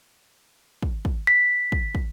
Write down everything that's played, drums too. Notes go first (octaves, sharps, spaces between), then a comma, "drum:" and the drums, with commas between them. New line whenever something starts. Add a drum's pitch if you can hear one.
drum: kick
drum: kick
B6
drum: kick
drum: kick